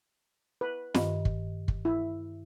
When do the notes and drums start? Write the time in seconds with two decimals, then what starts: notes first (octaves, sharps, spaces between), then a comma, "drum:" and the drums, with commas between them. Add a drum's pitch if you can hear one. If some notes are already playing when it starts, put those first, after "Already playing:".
0.61 B4
0.94 G2 D#3 D#5, drum: snare
1.25 drum: kick
1.68 drum: kick
1.85 E4